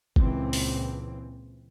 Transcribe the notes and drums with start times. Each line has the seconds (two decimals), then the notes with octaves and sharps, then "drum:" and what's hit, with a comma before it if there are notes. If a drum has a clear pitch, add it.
0.16 C#2 A#2 E3 C4, drum: kick
0.53 drum: open hi-hat